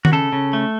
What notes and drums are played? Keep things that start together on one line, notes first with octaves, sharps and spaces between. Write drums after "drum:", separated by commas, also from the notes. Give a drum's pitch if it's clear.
F#4, drum: tom D#3
C#3 A4
C#3
A3